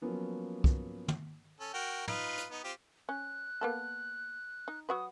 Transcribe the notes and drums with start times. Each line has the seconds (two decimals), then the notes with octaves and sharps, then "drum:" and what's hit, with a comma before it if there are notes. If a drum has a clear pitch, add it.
0.02 F3 F#3 A#3 B3 C#4
0.64 drum: kick
1.08 drum: tom
1.60 C#4 A4
1.74 F#4 A#4 G5
2.08 D#4 F4 B4, drum: tom
2.38 drum: hi-hat
2.51 B3 D#4
2.64 C4 F4 G4
3.09 C#4 F#6
3.61 A#3 B3 A4
4.68 D#4
4.89 F#3 F#4 B4 D#6